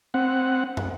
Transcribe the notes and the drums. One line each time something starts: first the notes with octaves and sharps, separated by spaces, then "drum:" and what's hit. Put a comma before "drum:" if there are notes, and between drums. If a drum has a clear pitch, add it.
C4 F#5
drum: tom